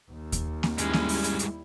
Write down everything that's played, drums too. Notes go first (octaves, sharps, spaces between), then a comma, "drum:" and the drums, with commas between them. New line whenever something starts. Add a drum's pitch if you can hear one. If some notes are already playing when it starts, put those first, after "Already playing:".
D#2
drum: kick D#2, hi-hat
drum: snare A#3
G2 G3 G#3 C#4 E4, drum: hi-hat
drum: snare A#3
drum: open hi-hat
drum: hi-hat
drum: hi-hat